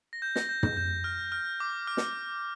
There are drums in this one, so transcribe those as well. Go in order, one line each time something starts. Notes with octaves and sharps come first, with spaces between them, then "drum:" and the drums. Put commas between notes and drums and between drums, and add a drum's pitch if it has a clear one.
A#6
G6
A#6, drum: snare
G6
G6, drum: tom
G6
F6
F6
D6
F6
drum: snare